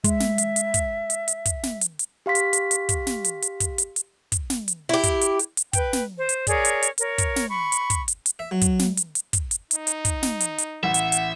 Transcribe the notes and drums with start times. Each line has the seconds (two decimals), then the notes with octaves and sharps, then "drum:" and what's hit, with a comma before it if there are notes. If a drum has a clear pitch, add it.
0.04 G#3 E5, drum: kick, hi-hat
0.20 drum: snare
0.38 drum: hi-hat
0.56 drum: hi-hat
0.74 drum: kick, hi-hat
1.10 drum: hi-hat
1.28 drum: hi-hat
1.46 drum: kick, hi-hat
1.63 drum: snare
1.81 drum: hi-hat
1.99 drum: hi-hat
2.26 G4 F5 C6 B6
2.35 drum: hi-hat
2.53 drum: hi-hat
2.71 drum: hi-hat
2.89 drum: kick, hi-hat
3.07 drum: snare
3.24 drum: hi-hat
3.42 drum: hi-hat
3.60 drum: kick, hi-hat
3.78 drum: hi-hat
3.96 drum: hi-hat
4.32 drum: kick, hi-hat
4.50 drum: snare
4.68 drum: hi-hat
4.89 E4 G4
5.03 drum: kick, hi-hat
5.21 drum: hi-hat
5.39 drum: hi-hat
5.57 drum: hi-hat
5.73 B4 G5, drum: kick, hi-hat
5.93 drum: snare
6.17 C5
6.29 drum: hi-hat
6.47 G#4 A#4 C#5 D5, drum: kick, hi-hat
6.65 drum: hi-hat
6.82 drum: hi-hat
6.98 A#4 C#5, drum: hi-hat
7.18 drum: kick, hi-hat
7.36 drum: snare
7.49 B5 C#6
7.72 drum: hi-hat
7.90 drum: kick, hi-hat
8.08 drum: hi-hat
8.26 drum: hi-hat
8.39 E5
8.51 F#3
8.61 drum: kick, hi-hat
8.79 drum: snare
8.97 drum: hi-hat
9.15 drum: hi-hat
9.33 drum: kick, hi-hat
9.51 drum: hi-hat
9.71 D#4, drum: hi-hat
9.87 drum: hi-hat
10.05 drum: kick, hi-hat
10.23 drum: snare
10.40 drum: hi-hat
10.58 drum: hi-hat
10.83 A1 E5 F#5
10.94 drum: hi-hat
11.12 drum: hi-hat